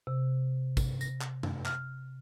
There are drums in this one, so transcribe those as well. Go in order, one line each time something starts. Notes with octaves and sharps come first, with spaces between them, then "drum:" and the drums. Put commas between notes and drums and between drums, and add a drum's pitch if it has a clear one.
C3
drum: kick, tambourine
A#6, drum: tambourine
drum: clap
drum: tom
F6, drum: clap